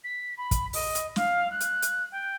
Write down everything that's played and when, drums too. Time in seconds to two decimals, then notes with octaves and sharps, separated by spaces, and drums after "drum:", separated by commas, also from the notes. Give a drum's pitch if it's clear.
0.04 B6
0.36 B5
0.51 drum: kick, hi-hat
0.73 D#5, drum: open hi-hat
0.95 drum: hi-hat
1.16 F5, drum: snare
1.50 F#6
1.60 drum: hi-hat
1.82 drum: hi-hat
2.11 G5